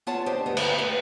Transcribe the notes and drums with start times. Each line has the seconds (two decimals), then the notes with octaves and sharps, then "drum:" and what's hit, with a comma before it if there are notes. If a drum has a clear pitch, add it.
0.07 B3 F4 G#4 C#5 F#5 A5
0.26 D4 G4 C5 D#5
0.46 D2 G2 A3 B3 C4
0.57 drum: cymbal
0.79 B4